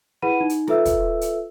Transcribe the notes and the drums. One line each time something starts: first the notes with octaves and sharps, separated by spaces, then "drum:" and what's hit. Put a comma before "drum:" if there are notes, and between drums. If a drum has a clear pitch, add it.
E4 G#4 B4 F#5 B5 D#7
D#4
drum: hi-hat
F4 A4 B4 E5 E6, drum: snare
drum: kick, hi-hat
drum: hi-hat